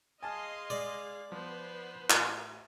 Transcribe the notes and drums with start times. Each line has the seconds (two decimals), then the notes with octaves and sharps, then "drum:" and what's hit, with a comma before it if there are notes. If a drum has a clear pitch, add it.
0.23 G#4 D#5 F5 G#5 A5 C6 F6
0.70 G#3 D5
1.32 F3 B3 B4 C5
2.10 A1, drum: clap